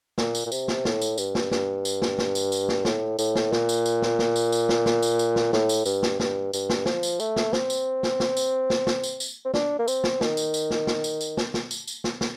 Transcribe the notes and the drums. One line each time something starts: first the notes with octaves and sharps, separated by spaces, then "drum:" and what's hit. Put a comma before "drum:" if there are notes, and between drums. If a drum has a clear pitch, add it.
A#2, drum: snare
drum: tambourine
A#2
C3, drum: tambourine
drum: snare
A2, drum: snare
drum: tambourine
G2, drum: tambourine
drum: snare
G2, drum: snare
drum: tambourine
drum: snare
drum: snare
drum: tambourine
drum: tambourine
drum: snare
A2, drum: snare
A2, drum: tambourine
drum: snare
A#2, drum: snare
drum: tambourine
drum: tambourine
drum: snare
drum: snare
drum: tambourine
drum: tambourine
drum: snare
drum: snare
drum: tambourine
drum: tambourine
drum: snare
A2, drum: snare
drum: tambourine
G2, drum: tambourine
drum: snare
G2, drum: snare
G2, drum: tambourine
drum: snare
F3, drum: snare
drum: tambourine
A3, drum: tambourine
drum: snare
C4, drum: snare
drum: tambourine
drum: snare
drum: snare
drum: tambourine
drum: snare
drum: snare
drum: tambourine
drum: tambourine
C4
D4, drum: snare
A#3
C4, drum: tambourine
drum: snare
D#3, drum: snare
drum: tambourine
drum: tambourine
drum: snare
drum: snare
drum: tambourine
drum: tambourine
drum: snare
drum: snare
drum: tambourine
drum: tambourine
drum: snare
drum: snare